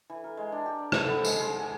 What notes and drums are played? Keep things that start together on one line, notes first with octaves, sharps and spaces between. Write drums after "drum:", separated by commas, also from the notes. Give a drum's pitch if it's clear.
E3
A#4
G#3
D4
G4
D5
A4, drum: rim click
B3
G#3, drum: tambourine
G#3
G#4